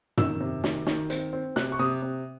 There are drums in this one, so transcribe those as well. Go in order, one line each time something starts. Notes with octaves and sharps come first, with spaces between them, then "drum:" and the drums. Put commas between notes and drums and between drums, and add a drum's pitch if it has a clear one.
D#3 E6, drum: tom
C3
D#3, drum: snare
D#3, drum: snare
C4, drum: hi-hat
C4
C3 F#6, drum: snare
C#6
C3 D#6
C3